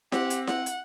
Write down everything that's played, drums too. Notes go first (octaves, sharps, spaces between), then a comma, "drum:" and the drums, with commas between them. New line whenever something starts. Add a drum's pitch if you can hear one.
C4 G4 F#5, drum: snare E4
drum: hi-hat
F#5, drum: snare E4
drum: hi-hat